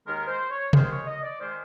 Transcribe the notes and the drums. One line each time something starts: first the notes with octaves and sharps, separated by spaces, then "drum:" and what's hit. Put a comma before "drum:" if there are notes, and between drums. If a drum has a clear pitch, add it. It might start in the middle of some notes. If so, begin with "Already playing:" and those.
D#2 D#3 G#3 A#4
C5
C#5
D#2 D#3 G#3 C5, drum: tom C3
C#5
D#5
D5
D#3 G#3 C5